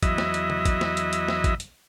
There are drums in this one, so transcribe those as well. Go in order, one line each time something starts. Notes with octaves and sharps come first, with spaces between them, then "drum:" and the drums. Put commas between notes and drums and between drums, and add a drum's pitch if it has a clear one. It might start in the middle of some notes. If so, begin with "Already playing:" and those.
E2 F#3 D#5 E5 B5, drum: kick, hi-hat
drum: snare
drum: hi-hat
drum: tom C#3
drum: kick, hi-hat
drum: snare
drum: hi-hat
drum: hi-hat
drum: snare
drum: kick, hi-hat
drum: hi-hat